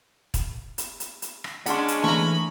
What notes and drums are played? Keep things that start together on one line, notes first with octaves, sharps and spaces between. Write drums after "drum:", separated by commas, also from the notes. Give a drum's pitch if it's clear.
drum: kick, hi-hat
drum: hi-hat
drum: hi-hat
drum: hi-hat
drum: rim click
G#3 C#4 D4 F#5 B5 C6, drum: hi-hat
drum: hi-hat
E3 A3 A#3 A#5 B5 C#6